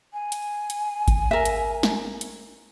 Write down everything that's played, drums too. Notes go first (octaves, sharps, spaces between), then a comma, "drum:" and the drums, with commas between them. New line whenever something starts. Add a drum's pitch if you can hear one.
G#5
drum: hi-hat
drum: hi-hat
drum: kick G#1, hi-hat
A#4 E5
drum: hi-hat
drum: snare
drum: hi-hat